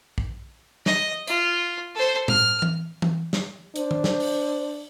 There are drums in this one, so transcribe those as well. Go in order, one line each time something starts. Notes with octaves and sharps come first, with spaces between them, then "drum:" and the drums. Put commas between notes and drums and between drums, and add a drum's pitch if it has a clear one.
drum: kick A#1
D#5, drum: snare
F4, drum: hi-hat
A4 C5
F6, drum: tom A2
drum: tom E3
drum: tom E3
drum: snare
D4 C5, drum: hi-hat
drum: tom D#3
drum: snare
drum: open hi-hat